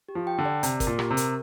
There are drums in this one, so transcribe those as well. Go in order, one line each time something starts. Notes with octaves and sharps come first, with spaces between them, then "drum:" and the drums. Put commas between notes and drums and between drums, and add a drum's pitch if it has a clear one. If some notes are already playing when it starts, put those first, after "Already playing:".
G4
F3
G5
D3
D5
C3 D5, drum: hi-hat
A#4, drum: kick, hi-hat
A#2
G4, drum: rim click
C3
A#4, drum: hi-hat